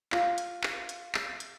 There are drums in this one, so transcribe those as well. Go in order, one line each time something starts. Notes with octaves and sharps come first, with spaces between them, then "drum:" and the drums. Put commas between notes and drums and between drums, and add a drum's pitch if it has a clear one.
F4, drum: clap
drum: hi-hat
drum: clap
drum: hi-hat
drum: clap
drum: hi-hat